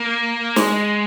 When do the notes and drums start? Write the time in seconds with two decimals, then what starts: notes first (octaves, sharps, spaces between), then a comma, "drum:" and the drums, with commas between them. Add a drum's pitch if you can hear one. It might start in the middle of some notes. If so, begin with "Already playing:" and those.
Already playing: A#3
0.56 G#3, drum: snare